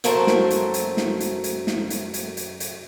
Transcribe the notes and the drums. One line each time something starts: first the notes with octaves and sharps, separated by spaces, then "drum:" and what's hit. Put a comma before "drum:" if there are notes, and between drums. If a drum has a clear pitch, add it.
F#2 F#3 A3 A#4 C5 A5, drum: hi-hat
drum: snare
drum: hi-hat
drum: hi-hat
drum: snare
drum: hi-hat
drum: hi-hat
drum: snare
drum: hi-hat
drum: hi-hat
drum: hi-hat
drum: hi-hat